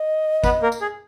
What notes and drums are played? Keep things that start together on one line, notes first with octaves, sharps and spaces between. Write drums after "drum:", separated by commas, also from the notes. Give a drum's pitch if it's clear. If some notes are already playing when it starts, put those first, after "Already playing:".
Already playing: D#5
B3 B4, drum: kick, tambourine
A#3 A#4
drum: tambourine
G#4